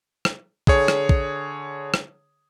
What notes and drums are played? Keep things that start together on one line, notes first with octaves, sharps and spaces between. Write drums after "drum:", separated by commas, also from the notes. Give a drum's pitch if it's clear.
drum: rim click
D3 G#4 C#5, drum: kick
drum: rim click
drum: kick
drum: rim click